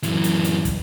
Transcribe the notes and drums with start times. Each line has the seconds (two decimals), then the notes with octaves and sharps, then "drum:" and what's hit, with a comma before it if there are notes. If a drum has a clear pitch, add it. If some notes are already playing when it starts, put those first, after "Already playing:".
0.03 F#2 E3, drum: hi-hat
0.24 drum: hi-hat
0.44 drum: hi-hat
0.65 drum: kick, hi-hat